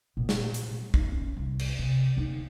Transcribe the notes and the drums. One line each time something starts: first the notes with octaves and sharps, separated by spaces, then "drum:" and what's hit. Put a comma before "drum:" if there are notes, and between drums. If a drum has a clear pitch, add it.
A#2 B3
drum: snare
drum: hi-hat
D#4, drum: kick
C#4
C2
drum: cymbal
C3
D2 D#4